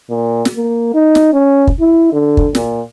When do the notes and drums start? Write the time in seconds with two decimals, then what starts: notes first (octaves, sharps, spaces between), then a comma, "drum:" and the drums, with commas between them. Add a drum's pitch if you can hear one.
0.10 A#2
0.45 drum: snare
0.56 A#3
0.94 D#4
1.15 drum: snare
1.33 C#4
1.67 drum: kick
1.80 E4
2.12 D3
2.37 drum: kick
2.55 A#2, drum: snare